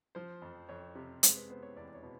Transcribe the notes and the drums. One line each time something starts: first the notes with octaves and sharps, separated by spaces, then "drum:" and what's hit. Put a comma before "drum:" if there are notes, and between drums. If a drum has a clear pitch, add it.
F3 C5
F2
F2 C#5
C3
G#3 C5, drum: hi-hat
B4
B3 C5
C#5
E2 D5
D5
C#5
B2